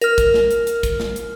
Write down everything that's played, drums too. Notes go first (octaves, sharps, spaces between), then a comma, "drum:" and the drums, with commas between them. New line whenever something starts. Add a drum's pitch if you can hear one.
A#4 F6, drum: hi-hat
drum: kick, hi-hat
drum: snare
drum: hi-hat
drum: hi-hat
drum: kick, hi-hat
drum: snare
drum: hi-hat